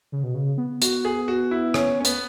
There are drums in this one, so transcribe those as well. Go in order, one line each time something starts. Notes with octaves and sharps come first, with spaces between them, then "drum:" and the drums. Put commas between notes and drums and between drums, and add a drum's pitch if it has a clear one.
C#3
B2
C#3
B3
F#4, drum: hi-hat
G#4
F#4
E4
C#4, drum: rim click
C#4
B3, drum: hi-hat